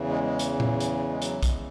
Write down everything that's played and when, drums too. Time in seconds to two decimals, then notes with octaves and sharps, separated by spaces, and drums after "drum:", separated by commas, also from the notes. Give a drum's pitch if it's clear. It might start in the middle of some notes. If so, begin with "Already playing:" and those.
Already playing: E2 C#3 E3
0.08 G#3
0.23 G#3
0.39 drum: hi-hat
0.60 drum: tom A#2
0.80 drum: hi-hat
1.09 G#3
1.22 F#3, drum: hi-hat
1.43 G#3, drum: kick, hi-hat